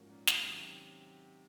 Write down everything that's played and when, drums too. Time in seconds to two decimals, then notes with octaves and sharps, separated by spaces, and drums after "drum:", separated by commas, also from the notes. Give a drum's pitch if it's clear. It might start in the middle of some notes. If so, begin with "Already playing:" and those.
Already playing: G#2 F3 A#3 C#4 F#4
0.09 A#2
0.27 C3, drum: snare
0.47 D#3 F#3 C#4